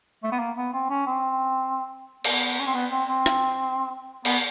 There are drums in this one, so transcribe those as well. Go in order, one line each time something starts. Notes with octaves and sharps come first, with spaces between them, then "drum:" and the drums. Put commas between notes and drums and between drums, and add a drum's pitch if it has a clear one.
A3
B3
A#3
B3
C4
C#4
C4
B3, drum: cymbal
C#4
C4
B3
C4
C4
drum: rim click
B3, drum: cymbal